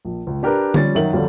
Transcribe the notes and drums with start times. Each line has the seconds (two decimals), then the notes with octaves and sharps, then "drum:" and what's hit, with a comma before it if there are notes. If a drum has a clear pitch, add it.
0.05 A#1
0.27 C#2
0.43 D4 G4 A#4 B4
0.74 F3 G3 C#4 A6, drum: tom D3
0.95 F#2 D#3 F#3 E5 F#7
1.13 G1 F2 F#3 G3 A4 F5